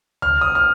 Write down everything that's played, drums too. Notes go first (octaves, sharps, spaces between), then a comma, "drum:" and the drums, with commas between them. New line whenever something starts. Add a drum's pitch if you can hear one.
F6, drum: tom D2
D#6
F6